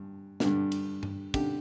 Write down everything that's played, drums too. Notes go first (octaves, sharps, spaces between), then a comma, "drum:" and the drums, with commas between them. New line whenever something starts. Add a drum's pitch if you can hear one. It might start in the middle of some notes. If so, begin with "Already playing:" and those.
Already playing: G2
G2 D3, drum: snare
drum: cymbal
drum: tom G2
D3 G4, drum: kick, cymbal